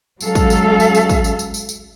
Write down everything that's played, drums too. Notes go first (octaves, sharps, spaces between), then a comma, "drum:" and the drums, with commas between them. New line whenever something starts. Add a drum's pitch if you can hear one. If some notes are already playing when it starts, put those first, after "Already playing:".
F#3 G#3 C#4 A4 F5, drum: tambourine
drum: kick, tambourine
drum: tambourine
drum: tambourine
drum: tambourine
drum: kick, tambourine
drum: tambourine
drum: tambourine
drum: tambourine
drum: tambourine